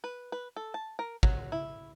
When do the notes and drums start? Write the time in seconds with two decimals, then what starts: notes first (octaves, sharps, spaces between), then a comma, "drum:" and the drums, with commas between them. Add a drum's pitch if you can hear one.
0.04 B4
0.32 B4
0.56 A4
0.74 A5
0.99 A#4
1.23 F#3, drum: kick
1.52 E4